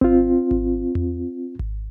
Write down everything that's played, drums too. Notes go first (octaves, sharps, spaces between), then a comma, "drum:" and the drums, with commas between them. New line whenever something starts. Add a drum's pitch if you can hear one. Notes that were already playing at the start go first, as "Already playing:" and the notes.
C4 F4, drum: kick G#1
drum: kick G#1
drum: tom E2
drum: kick G#1